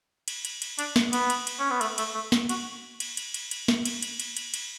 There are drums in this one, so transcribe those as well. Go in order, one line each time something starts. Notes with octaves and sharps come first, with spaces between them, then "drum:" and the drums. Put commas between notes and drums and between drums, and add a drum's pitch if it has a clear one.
drum: cymbal
drum: cymbal
drum: cymbal
D4, drum: cymbal
drum: snare
B3, drum: cymbal
drum: cymbal
drum: cymbal
C#4
B3
A3, drum: cymbal
A3, drum: cymbal
A3
drum: snare
F#4, drum: cymbal
drum: cymbal
drum: cymbal
drum: cymbal
drum: cymbal
drum: snare
drum: cymbal
drum: cymbal
drum: cymbal
drum: cymbal
drum: cymbal